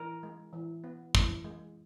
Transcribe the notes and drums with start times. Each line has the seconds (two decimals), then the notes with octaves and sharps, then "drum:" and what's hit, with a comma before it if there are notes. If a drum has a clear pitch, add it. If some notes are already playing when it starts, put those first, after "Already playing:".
Already playing: E3 A#4
0.23 G#3
0.53 E3
0.84 B3
1.15 E3, drum: kick
1.44 G#3